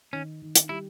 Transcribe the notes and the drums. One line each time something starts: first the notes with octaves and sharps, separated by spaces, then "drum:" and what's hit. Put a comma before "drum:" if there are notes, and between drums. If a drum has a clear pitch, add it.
D#3 C#4
D#3
drum: hi-hat
G3 E4